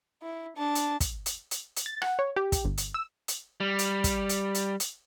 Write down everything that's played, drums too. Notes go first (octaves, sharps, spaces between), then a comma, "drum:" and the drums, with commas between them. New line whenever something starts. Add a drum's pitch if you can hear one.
E4
D4 A5
drum: hi-hat
drum: kick, hi-hat
drum: hi-hat
drum: hi-hat
drum: hi-hat
A6
F#5, drum: rim click
C#5
G4
drum: kick, hi-hat
G1
drum: hi-hat
E6
drum: hi-hat
G3
drum: hi-hat
drum: kick, hi-hat
drum: hi-hat
drum: hi-hat
drum: hi-hat